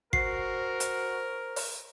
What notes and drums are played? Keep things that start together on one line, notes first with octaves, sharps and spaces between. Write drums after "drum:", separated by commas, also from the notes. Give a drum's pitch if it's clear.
F#4 A#4 C5 C7, drum: kick
drum: hi-hat
drum: open hi-hat